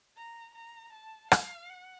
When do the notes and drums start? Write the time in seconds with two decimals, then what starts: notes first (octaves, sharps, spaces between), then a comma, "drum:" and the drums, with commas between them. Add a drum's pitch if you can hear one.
0.16 A#5
0.55 A#5
0.93 A5
1.32 F5, drum: rim click
1.69 F#5